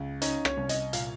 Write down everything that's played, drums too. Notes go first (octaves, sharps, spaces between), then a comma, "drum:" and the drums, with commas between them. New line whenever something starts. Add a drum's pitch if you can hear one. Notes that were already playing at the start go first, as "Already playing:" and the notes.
Already playing: C#2
C#4 D#4, drum: hi-hat
C#5, drum: rim click
C2
D#5, drum: hi-hat
A#2 F5, drum: hi-hat